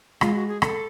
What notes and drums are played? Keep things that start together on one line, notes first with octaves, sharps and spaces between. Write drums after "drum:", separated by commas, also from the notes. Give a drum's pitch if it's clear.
G#3 F4, drum: rim click
F#4
G#4
A4, drum: rim click